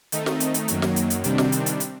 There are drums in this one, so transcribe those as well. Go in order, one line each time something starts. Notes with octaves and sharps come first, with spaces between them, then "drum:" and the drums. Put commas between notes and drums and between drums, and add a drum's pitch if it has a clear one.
D#3 A3 C4 D#4, drum: hi-hat
drum: snare
drum: hi-hat
drum: hi-hat
F#2 D#3 F#3 A#3, drum: hi-hat
drum: snare
drum: hi-hat
drum: hi-hat
C3 D#3 G3 C4 D4, drum: hi-hat
drum: snare
drum: hi-hat
drum: hi-hat
drum: hi-hat